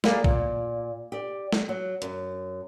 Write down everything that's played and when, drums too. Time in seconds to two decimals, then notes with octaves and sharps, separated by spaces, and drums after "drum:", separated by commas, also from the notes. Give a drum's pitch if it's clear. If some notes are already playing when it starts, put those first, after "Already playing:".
0.04 G3 A#3 G#4 D5, drum: snare
0.24 A#2, drum: kick B1
1.12 G4 D5
1.53 drum: snare
1.69 F#3
2.02 F#2, drum: hi-hat